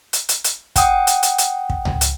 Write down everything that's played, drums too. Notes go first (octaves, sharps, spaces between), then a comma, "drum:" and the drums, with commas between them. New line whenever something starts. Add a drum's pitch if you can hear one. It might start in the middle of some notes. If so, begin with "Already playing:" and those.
drum: hi-hat
drum: hi-hat
drum: hi-hat
F#5 G5 D#6, drum: kick, hi-hat
drum: hi-hat
drum: hi-hat
drum: hi-hat
drum: kick
drum: tom C#2
drum: hi-hat